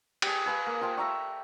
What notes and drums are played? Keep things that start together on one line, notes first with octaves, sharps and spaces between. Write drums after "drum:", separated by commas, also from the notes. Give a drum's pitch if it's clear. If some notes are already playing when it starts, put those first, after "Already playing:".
G4 G#4, drum: cymbal
G#4 B4 F5
A#3
F4 C5 G5 A5
A4 E5 A#5 C#6